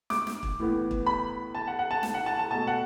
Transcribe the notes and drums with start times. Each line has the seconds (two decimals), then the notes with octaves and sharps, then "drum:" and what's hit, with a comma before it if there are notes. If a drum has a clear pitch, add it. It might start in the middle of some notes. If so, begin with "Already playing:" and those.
0.10 D6, drum: snare
0.27 drum: snare
0.43 drum: kick
0.59 A2 E3 B3
0.91 drum: kick
1.06 B5
1.55 A5
1.67 F#5
1.79 F#5
1.91 A5
2.03 drum: snare
2.14 F#5
2.26 A5
2.39 A5
2.51 B2 A3 A5
2.67 F#5